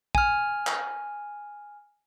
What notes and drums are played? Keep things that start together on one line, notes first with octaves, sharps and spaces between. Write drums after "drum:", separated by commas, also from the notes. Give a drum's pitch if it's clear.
G#5 F6, drum: kick
drum: clap